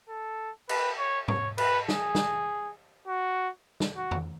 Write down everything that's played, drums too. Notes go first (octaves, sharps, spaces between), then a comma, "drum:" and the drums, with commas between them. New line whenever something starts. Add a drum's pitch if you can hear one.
A4
B4, drum: cymbal
C#5
C#5, drum: tom
B4, drum: cymbal
G#4, drum: snare
drum: snare
F#4
drum: snare
F#4
drum: tom F2